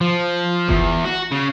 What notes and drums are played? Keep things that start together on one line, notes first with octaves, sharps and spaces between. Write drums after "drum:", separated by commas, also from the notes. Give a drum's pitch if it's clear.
F3
E2, drum: kick F#1
F#4
C#3